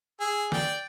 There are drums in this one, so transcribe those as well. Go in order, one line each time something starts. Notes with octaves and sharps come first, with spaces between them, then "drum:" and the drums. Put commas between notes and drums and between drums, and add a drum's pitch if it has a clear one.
G#4 E6
D5 G5, drum: snare